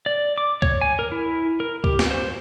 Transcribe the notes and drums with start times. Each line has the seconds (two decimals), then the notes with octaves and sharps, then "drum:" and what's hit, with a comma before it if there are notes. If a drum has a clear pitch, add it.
0.06 D5
0.38 D6
0.62 C#5, drum: kick C#2
0.81 G#5
0.99 A#4
1.12 E4
1.60 A#4
1.84 G4, drum: kick C#2
1.99 drum: snare
2.11 C5